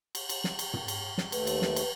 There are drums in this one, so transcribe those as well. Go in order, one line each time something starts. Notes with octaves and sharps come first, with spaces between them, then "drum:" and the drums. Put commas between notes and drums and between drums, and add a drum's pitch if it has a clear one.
drum: cymbal
drum: cymbal
drum: snare
drum: cymbal
drum: tom
drum: cymbal
drum: snare
D#2 A3 B4, drum: cymbal
drum: cymbal
drum: snare
drum: cymbal